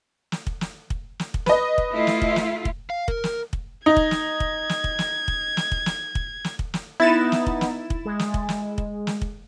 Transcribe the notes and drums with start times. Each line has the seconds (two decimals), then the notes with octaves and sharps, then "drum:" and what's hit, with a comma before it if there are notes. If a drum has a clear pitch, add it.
0.32 drum: snare
0.47 drum: kick
0.61 drum: snare
0.90 drum: kick
1.19 drum: snare
1.34 drum: kick
1.46 B4 D#5, drum: snare
1.78 drum: kick
1.92 A3 E4 F4
2.07 drum: snare
2.22 drum: kick
2.36 drum: snare
2.65 drum: kick
2.90 F5
3.08 A#4, drum: kick
3.24 drum: snare
3.53 drum: kick
3.86 D#4 G#6
3.97 drum: kick
4.11 drum: snare
4.40 drum: kick
4.69 drum: snare
4.84 drum: kick
4.99 drum: snare
5.28 drum: kick
5.57 drum: snare
5.72 drum: kick
5.86 drum: snare
6.15 drum: kick
6.44 drum: snare
6.59 drum: kick
6.74 drum: snare
7.00 B3 D#4 E4 A6 E7
7.32 drum: snare
7.47 drum: kick
7.61 drum: snare
7.90 drum: kick
8.05 G#3
8.19 drum: snare
8.34 drum: kick
8.49 drum: snare
8.78 drum: kick
9.07 drum: snare
9.22 drum: kick